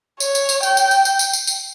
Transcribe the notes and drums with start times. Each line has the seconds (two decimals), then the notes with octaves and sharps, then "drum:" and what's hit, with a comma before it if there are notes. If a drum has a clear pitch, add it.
0.20 C#5, drum: tambourine
0.35 drum: tambourine
0.49 drum: tambourine
0.63 G5, drum: tambourine
0.77 drum: tambourine
0.91 drum: tambourine
1.05 drum: tambourine
1.19 drum: tambourine
1.33 drum: tambourine
1.47 drum: tambourine